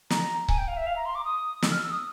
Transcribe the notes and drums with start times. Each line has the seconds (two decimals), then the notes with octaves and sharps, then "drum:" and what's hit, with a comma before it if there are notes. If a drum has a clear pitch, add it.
0.10 A#5, drum: snare
0.48 G#5, drum: kick C#1
0.58 G5
0.68 F5
0.77 E5
0.87 F5
0.96 A#5
1.06 C6
1.15 D6
1.25 D#6
1.62 E6, drum: snare
1.71 F6
1.82 E6
1.91 D#6